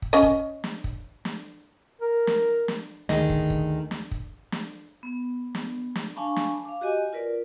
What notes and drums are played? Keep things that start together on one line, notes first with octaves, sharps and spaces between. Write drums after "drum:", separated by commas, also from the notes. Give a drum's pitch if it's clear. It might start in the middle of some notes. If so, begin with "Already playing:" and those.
drum: kick
C#4 D#5
drum: kick
drum: snare
drum: kick
drum: snare
A#4
drum: snare
drum: snare
D2 D#3 G#4 D#5, drum: snare
drum: kick
drum: kick
drum: snare
drum: kick
drum: snare
B3
drum: snare
drum: snare
D4 F5 G#5 A5 B5 C#6
drum: snare
F5 D6
F#4 G4 D#5 G#5
F4 A#4 B4 D5